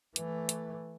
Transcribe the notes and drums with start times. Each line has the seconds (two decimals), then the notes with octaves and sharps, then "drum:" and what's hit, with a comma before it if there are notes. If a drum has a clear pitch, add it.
0.16 E3 A3, drum: hi-hat
0.49 drum: hi-hat